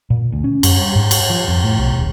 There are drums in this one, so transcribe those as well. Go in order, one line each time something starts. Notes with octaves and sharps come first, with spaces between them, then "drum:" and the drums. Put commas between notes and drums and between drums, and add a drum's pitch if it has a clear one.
A#2
D2
C#4
F#2, drum: cymbal
G2
G#2
drum: cymbal
F3
F2
A2
B1
D#1